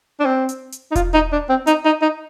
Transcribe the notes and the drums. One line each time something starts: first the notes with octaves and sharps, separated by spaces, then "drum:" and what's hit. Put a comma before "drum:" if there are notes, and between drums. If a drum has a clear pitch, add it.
D4
C4
drum: hi-hat
drum: hi-hat
D#4
F4, drum: kick E1, hi-hat
D#4
D4
C4
D#4, drum: hi-hat
D#4
D#4